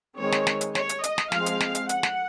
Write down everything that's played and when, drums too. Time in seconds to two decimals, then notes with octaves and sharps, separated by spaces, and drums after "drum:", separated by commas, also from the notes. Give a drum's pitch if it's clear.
0.18 D#3 G#3 C4 C#5
0.32 drum: snare
0.47 drum: snare
0.61 drum: hi-hat
0.75 C#5, drum: snare
0.89 drum: hi-hat
1.04 D#5, drum: hi-hat
1.18 drum: snare
1.32 F3 G#3 C4 F5, drum: snare
1.46 drum: hi-hat
1.60 drum: snare
1.75 drum: hi-hat
1.89 F#5, drum: hi-hat
2.03 drum: snare